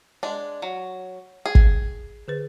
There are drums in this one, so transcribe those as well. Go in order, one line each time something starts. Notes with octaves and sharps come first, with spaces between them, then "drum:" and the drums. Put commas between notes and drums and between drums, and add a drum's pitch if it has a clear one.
G#3 D4
F#3
G#4
drum: kick
D3 G#4 B4